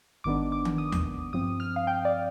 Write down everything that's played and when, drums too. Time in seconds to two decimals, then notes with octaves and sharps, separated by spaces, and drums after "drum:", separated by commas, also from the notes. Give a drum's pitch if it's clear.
0.24 G#1 G#2 D#3 B3 D4 D6
0.52 D6
0.65 drum: tom D#3
0.78 D#6
0.92 drum: tom D#2
1.33 G2 F3 C4 D#6
1.60 F6
1.76 F5
1.87 G5
2.05 D5